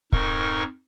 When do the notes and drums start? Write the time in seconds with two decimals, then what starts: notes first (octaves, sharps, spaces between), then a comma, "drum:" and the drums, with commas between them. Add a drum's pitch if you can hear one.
0.12 F2 G#2 D#4 A#4 C#6, drum: kick C#1